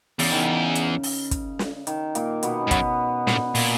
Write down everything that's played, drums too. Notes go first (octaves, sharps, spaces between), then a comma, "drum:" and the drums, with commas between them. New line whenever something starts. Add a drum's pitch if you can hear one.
E2 C#3, drum: open hi-hat
D#3
C#3
drum: hi-hat
drum: open hi-hat
drum: kick, hi-hat
drum: snare
D#3, drum: hi-hat
A#2 A#3, drum: hi-hat
B2 B3, drum: hi-hat
C#4
G#2
F#2 B2 B3, drum: kick, hi-hat
A#2, drum: snare
A#2, drum: open hi-hat